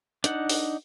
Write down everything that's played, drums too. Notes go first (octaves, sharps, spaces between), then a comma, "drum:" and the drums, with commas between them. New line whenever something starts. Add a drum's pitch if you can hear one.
D4 D#4 F#5, drum: hi-hat
drum: open hi-hat